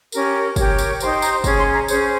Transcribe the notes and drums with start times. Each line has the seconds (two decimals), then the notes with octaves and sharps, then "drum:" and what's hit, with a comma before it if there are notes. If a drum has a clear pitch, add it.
0.12 C#4 G4 A#4, drum: tambourine
0.56 G4 A#4 C#5, drum: kick, tambourine
0.78 drum: tambourine
1.00 D#4 G4 C5 A#5, drum: tambourine
1.22 A#5, drum: tambourine
1.44 C#4 G#4 C#5, drum: kick, tambourine
1.59 C6
1.73 A#5
1.88 C#4 G#4 C5 C#5, drum: tambourine